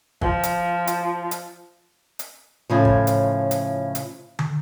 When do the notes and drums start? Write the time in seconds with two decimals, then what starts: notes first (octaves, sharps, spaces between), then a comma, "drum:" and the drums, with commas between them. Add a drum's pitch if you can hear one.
0.21 F3, drum: kick G#1
0.43 drum: hi-hat
0.87 drum: hi-hat
1.31 drum: hi-hat
2.19 drum: hi-hat
2.70 A2 C#3 F3
2.85 drum: kick G#1
3.07 drum: hi-hat
3.51 drum: hi-hat
3.95 drum: hi-hat
4.39 drum: tom